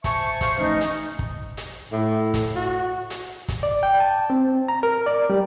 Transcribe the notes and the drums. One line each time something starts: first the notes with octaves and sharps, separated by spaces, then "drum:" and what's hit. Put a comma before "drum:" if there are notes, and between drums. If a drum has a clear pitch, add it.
C5 E5 G#5 A5 C#6, drum: kick, hi-hat
C5 F5 C#6, drum: kick, hi-hat
E3 F3 A3 C#4 D#4
drum: hi-hat
drum: kick
drum: hi-hat
A2
drum: kick, hi-hat
F#4
drum: hi-hat
drum: kick, hi-hat
D5
G5
A5
C4
A#5
A#4
D5
G3